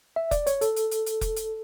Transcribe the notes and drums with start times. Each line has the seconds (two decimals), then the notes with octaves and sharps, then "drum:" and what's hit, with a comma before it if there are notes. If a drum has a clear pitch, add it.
0.16 E5
0.31 D5, drum: kick F1, hi-hat
0.47 C#5, drum: hi-hat
0.61 A4, drum: hi-hat
0.76 drum: hi-hat
0.91 drum: hi-hat
1.06 drum: hi-hat
1.21 drum: kick F1, hi-hat
1.36 drum: hi-hat